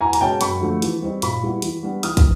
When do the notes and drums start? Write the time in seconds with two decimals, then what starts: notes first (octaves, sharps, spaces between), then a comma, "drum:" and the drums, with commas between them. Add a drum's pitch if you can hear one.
0.01 E2 G#5 A#5
0.13 A#5, drum: hi-hat
0.21 B2 G#3 C#4 G5 A5
0.41 F#2 B5 C#6, drum: hi-hat
0.61 D3 F3 A3
0.82 E3, drum: hi-hat
1.01 G3 C4 D#4
1.22 A#2 B5 C#6, drum: hi-hat
1.43 G3 B3 E4
1.62 E3, drum: hi-hat
1.83 G3 B3 D4
2.03 E3 D#6 F6, drum: hi-hat
2.17 drum: kick, hi-hat